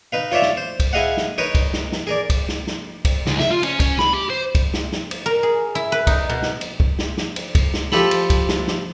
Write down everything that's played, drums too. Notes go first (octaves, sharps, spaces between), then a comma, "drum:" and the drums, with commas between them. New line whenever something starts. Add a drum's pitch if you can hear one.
D#4 B4 F5
F4 C#5 D5 E5 F5
drum: snare
C5
drum: kick, cymbal
E4 G#4 D#5 F5 F#5
drum: snare
D#4 A#4 B4 C#5 D#5
drum: kick, cymbal
drum: snare
drum: snare
G#4 A#4 D5
drum: kick, cymbal
drum: snare
drum: snare
drum: kick, cymbal
C#2, drum: snare
E5, drum: snare
F4
C#4, drum: cymbal
C#4, drum: kick, cymbal
B5, drum: snare
G4
C5
drum: kick, cymbal
drum: snare
drum: snare
drum: cymbal
A#4
G#4
E4
B4
D#4, drum: kick, cymbal
B2
drum: snare
drum: cymbal
drum: kick
drum: snare
drum: snare
drum: cymbal
drum: kick, cymbal
drum: snare
F3 G4 A4 B5, drum: snare
drum: cymbal
drum: kick, cymbal
drum: snare
drum: snare